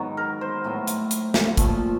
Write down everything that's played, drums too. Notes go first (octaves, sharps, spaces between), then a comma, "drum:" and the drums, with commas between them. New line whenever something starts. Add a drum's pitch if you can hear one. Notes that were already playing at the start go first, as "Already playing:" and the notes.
Already playing: G#2 D#3 F#3 B3
A#4
C5
A2 F#3 B3
drum: hi-hat
drum: hi-hat
drum: snare
A#2 F3 A3, drum: kick, hi-hat